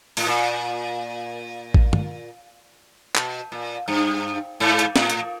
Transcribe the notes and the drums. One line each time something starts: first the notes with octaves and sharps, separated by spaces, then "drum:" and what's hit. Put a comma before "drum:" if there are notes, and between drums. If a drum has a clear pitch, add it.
A2, drum: open hi-hat
A#2
drum: kick A1
drum: tom
B2, drum: clap
A#2
G2
G#2
drum: hi-hat
A2, drum: snare
drum: hi-hat